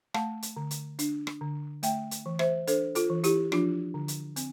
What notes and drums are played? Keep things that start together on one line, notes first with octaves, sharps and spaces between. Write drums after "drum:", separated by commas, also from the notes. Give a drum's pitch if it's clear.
A3 F5 A5, drum: rim click
drum: hi-hat
D3
drum: hi-hat
D4, drum: hi-hat
drum: rim click
D3
A3 E5 G5, drum: hi-hat
drum: hi-hat
E3
C5 E5, drum: rim click
D4 A4 C5, drum: hi-hat
F4 A4, drum: hi-hat
E3
E4 G4, drum: hi-hat
F3 D4 F4, drum: rim click
D3
drum: hi-hat
C4, drum: hi-hat